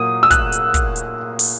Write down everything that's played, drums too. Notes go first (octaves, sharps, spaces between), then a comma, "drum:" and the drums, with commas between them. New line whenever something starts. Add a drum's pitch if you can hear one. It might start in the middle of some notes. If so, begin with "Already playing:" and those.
Already playing: A#2 F#3 A#3 D#6
E6
F#6, drum: kick, hi-hat
drum: hi-hat
drum: kick, hi-hat
drum: hi-hat
drum: open hi-hat